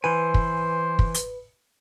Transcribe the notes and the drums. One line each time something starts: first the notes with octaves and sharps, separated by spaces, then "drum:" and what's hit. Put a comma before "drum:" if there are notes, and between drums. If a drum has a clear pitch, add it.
E3 B4 C5 G#5
drum: kick
drum: kick
drum: hi-hat